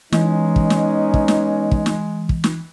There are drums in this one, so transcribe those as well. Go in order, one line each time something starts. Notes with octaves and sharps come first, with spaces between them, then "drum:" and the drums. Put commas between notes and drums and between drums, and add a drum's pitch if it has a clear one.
E3 G#3 B3 C#4 D#4, drum: snare
drum: kick
drum: snare
drum: kick
drum: snare
drum: kick
drum: snare
drum: kick
drum: snare